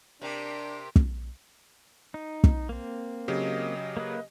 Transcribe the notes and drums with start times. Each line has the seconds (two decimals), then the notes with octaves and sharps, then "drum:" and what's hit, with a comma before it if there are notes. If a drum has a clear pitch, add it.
0.22 C3 D4 G4 A#4
0.96 drum: kick
2.14 D#4
2.44 drum: kick
2.69 A#3 C4
3.28 C#3 F#3 G4 D#5
3.97 A#3 B4